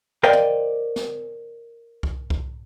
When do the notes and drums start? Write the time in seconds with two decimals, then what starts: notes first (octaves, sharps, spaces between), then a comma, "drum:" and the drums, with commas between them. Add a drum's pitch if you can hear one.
0.23 A#4 C5 D5 D#5 F5 G5
0.33 drum: tom
0.96 drum: snare
2.03 drum: kick C2
2.30 drum: kick C2